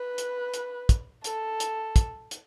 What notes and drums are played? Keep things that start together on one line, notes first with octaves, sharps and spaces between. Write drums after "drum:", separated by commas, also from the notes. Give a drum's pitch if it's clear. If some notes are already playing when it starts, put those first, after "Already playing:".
Already playing: B4
drum: hi-hat
drum: hi-hat
drum: kick, hi-hat
A4, drum: hi-hat
drum: hi-hat
drum: kick, hi-hat
drum: hi-hat